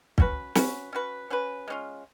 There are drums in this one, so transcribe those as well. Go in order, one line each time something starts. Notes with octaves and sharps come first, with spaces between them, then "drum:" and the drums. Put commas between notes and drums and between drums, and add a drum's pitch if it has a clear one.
C#4 F#4 B4, drum: kick
C#4 F#4 B4, drum: snare
C#4 F#4 B4
C#4 F#4 B4
G#3 C#4 F4